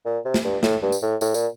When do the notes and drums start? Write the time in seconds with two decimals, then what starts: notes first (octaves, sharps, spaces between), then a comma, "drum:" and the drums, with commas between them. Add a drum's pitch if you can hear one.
0.05 A#2
0.25 C3
0.34 drum: snare
0.44 G2
0.63 A2, drum: snare
0.82 G2
0.92 drum: tambourine
1.02 A2
1.21 A2, drum: tambourine
1.34 A#2, drum: tambourine